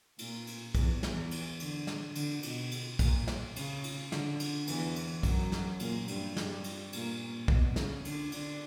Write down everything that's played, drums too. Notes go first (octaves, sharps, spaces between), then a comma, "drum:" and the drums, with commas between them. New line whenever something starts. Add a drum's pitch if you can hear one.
A#2, drum: cymbal
drum: cymbal
E2 E3, drum: kick, cymbal
E2 E3, drum: snare
drum: cymbal
D3, drum: cymbal
drum: snare
D3, drum: cymbal
B2, drum: cymbal
drum: cymbal
A#2, drum: kick, cymbal
drum: snare
C#3, drum: cymbal
drum: cymbal
D3, drum: snare
drum: cymbal
E2 E3, drum: cymbal
drum: cymbal
F#2 F#3, drum: kick, cymbal
drum: snare
A#2 A#3, drum: cymbal
G2 G3, drum: cymbal
G2 G3, drum: snare
drum: cymbal
A#2 A#3, drum: cymbal
B2 B3, drum: kick
C#3 C#4, drum: snare
D3 D4, drum: cymbal
D3 D4, drum: cymbal